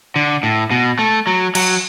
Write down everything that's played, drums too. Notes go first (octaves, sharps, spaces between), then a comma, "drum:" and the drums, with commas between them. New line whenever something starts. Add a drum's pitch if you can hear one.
D3
A2
B2
A3
F#3
F#3, drum: cymbal